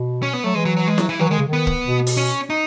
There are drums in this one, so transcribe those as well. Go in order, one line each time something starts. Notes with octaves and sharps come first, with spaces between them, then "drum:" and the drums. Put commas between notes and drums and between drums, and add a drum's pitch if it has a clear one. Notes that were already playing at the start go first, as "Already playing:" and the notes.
Already playing: B2
C#4
B3
F#3 A3
E3 G#3
F#3
F#3
G#3
F#3, drum: snare E4
E3
E3 F#3
D#3 G#3
C#3
D#3
B3
drum: kick
B2
drum: open hi-hat
C#4
D#4